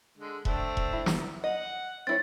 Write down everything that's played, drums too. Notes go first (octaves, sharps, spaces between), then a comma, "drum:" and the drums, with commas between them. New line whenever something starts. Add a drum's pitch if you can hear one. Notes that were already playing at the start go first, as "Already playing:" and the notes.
D3 G#3
A3 C4 D4, drum: kick E1
drum: kick E1
E4
drum: snare
D#5 F#5
C4 E4 C#5 A6